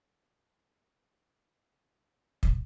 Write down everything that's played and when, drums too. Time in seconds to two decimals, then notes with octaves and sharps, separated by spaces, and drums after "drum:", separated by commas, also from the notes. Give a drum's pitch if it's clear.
0.10 G#4 F5 G#5 C#6 D6 A#6
2.43 drum: kick